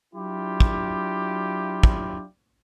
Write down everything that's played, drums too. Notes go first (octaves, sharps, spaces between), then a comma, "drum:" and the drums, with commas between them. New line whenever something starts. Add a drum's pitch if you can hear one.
F#3 D4 E4 F4 G4
drum: kick
drum: kick